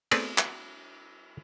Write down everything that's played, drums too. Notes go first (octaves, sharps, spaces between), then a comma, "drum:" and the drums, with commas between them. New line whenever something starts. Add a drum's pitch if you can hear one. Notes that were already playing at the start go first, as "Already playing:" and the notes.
A3 B3 C4 G#4 B4 D5, drum: cymbal
drum: clap